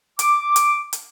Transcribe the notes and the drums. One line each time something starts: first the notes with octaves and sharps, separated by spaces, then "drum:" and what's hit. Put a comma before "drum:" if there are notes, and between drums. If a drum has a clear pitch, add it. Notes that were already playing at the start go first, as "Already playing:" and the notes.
D6, drum: hi-hat
drum: hi-hat
drum: hi-hat